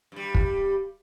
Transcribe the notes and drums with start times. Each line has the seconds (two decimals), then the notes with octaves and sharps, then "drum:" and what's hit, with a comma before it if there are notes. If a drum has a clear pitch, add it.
0.12 G2 G3
0.35 drum: kick